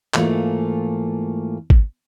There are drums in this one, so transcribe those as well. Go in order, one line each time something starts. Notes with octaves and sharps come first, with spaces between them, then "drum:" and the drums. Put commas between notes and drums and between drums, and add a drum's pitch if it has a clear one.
G#2 E3 A3 A#3 F4 A4, drum: clap
drum: kick G#1